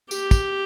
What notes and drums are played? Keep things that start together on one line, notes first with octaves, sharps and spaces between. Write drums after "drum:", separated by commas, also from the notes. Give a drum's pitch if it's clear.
G4, drum: tambourine
drum: kick, tambourine